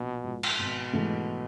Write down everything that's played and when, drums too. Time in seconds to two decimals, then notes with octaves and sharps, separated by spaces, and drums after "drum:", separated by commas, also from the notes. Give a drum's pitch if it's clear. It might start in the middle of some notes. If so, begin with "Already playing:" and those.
Already playing: A#1 B2 F3
0.24 G#2 F3
0.43 drum: cymbal
0.58 G#1 B2
0.93 G#2 E3 A3